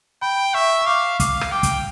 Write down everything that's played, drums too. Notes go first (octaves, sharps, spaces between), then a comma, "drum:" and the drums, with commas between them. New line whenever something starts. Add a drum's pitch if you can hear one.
G5 B5
E5 C#6
C#6
F5 D6
F5 D6, drum: kick, hi-hat
drum: rim click
G5 D6
drum: kick, hi-hat